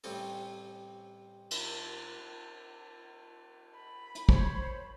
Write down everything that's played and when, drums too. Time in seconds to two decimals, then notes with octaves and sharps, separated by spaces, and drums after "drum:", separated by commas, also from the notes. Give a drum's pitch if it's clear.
0.04 A1 C3 G3 C4 C#4 A4, drum: open hi-hat
1.51 drum: cymbal
3.75 B5
4.15 drum: hi-hat
4.29 C5 C#5, drum: kick